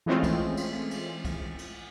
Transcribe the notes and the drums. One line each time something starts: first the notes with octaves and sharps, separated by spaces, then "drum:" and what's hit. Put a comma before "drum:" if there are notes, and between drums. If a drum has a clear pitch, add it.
E3 G#3 A3 C4 C#4 F4
drum: kick, cymbal
drum: cymbal
drum: cymbal
drum: kick, cymbal
drum: cymbal